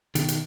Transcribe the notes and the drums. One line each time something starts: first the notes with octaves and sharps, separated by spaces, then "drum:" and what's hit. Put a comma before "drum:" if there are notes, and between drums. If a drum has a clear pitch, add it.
B2 D#3, drum: hi-hat
drum: hi-hat